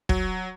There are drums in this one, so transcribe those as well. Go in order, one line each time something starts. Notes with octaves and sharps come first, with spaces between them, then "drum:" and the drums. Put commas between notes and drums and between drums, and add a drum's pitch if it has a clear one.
F#3, drum: kick